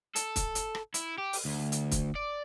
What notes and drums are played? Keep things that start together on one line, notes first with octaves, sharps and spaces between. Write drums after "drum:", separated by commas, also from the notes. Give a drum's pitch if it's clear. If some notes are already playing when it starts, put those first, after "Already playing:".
A4, drum: hi-hat
drum: kick, hi-hat
drum: hi-hat
drum: rim click
E4, drum: hi-hat
G4
drum: open hi-hat
D2
drum: hi-hat
drum: kick, hi-hat
D5